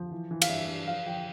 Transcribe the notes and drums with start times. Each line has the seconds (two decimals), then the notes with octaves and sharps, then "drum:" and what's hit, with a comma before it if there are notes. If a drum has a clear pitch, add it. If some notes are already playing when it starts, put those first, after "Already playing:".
Already playing: F3
0.11 E3
0.31 E3
0.42 F5, drum: cymbal
0.49 G2 E5
0.68 G2
0.87 F3 F5
1.06 F3 G5